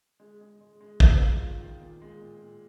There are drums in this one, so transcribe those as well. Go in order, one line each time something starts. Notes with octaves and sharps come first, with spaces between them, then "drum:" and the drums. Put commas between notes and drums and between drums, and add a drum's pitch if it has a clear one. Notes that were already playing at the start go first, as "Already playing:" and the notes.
G#3
G#3
G#3
G#3
A#3, drum: kick
F4
F4
D#3
A#2
G#3
A#2
A#2